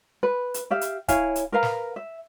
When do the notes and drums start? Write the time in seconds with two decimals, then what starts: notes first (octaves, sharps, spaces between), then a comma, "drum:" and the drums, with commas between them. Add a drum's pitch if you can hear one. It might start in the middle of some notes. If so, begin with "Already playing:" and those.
0.23 B4
0.54 drum: hi-hat
0.71 G4 E5 F5
0.81 drum: hi-hat
1.08 E4 C#5 F5 G#5, drum: kick, hi-hat
1.36 drum: hi-hat
1.52 A#4 B4 F5 A#5
1.63 drum: snare
1.96 E5